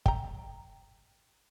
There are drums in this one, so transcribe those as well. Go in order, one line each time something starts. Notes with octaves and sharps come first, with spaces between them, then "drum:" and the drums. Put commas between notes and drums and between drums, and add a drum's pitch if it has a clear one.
G5 A#5, drum: kick